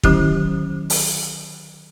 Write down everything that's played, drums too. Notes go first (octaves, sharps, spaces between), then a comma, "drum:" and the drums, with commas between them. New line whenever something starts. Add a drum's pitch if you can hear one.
D3 D#3 F#3 C#4 E4 G4, drum: kick
drum: open hi-hat